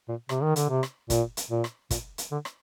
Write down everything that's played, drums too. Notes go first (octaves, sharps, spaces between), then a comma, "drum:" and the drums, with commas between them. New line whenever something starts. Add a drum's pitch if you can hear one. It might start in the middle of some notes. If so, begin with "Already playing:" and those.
A#2
C3, drum: rim click
D#3
D3, drum: hi-hat
C3
drum: rim click
A#2, drum: kick, hi-hat
drum: hi-hat
A#2
drum: rim click
A#2, drum: kick, hi-hat
drum: hi-hat
D3
drum: rim click